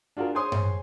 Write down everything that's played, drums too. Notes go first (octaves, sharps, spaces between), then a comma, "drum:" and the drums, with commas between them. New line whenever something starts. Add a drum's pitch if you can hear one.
D4 F4 F#4 G#4 A#4
G#4 C5 C#5 G#5 C6 D#6
drum: tom G2